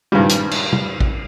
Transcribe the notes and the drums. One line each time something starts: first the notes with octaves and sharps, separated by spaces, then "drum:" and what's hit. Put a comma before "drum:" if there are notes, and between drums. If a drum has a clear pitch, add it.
G#1 G2 A#2 C#3 G3
drum: hi-hat
drum: cymbal
drum: tom
drum: kick A1